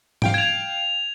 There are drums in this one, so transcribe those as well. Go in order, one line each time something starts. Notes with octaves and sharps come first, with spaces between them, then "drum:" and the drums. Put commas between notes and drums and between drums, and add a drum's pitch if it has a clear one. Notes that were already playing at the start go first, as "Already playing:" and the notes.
F5 G5 D7, drum: tom G#2
G#6 F7